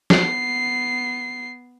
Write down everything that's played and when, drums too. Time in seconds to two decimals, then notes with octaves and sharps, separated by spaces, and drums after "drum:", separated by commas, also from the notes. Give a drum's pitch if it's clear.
0.10 B3 C7, drum: snare